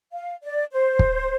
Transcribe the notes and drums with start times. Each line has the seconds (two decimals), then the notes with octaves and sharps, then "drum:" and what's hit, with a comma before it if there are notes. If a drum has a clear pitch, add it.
0.12 F5
0.43 D5
0.72 C5
0.99 drum: kick